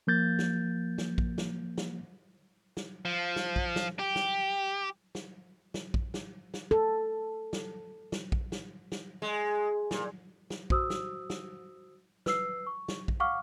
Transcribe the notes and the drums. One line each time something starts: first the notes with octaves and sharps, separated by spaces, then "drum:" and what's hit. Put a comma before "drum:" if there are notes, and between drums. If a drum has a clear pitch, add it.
F3 A#3 G6 A6
drum: snare
drum: snare
drum: kick
drum: snare
drum: snare
drum: snare
F3
drum: snare
drum: kick
drum: snare
G4
drum: snare
drum: snare
drum: snare
drum: kick
drum: snare
drum: snare
A4
drum: snare
drum: snare
drum: kick
drum: snare
drum: snare
G#3
A#2, drum: snare
drum: snare
F#4 C5 D#6 E6, drum: kick
drum: snare
drum: snare
B4 E6 C7, drum: snare
C#6
drum: snare
drum: kick
F5 F#5 C#6 D6 F6